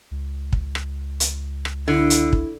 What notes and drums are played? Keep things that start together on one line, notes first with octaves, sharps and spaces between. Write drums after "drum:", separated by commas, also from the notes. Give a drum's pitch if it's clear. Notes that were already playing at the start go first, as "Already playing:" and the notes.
C#2
drum: kick
drum: rim click
drum: hi-hat
drum: rim click
D3 E4
drum: hi-hat
drum: kick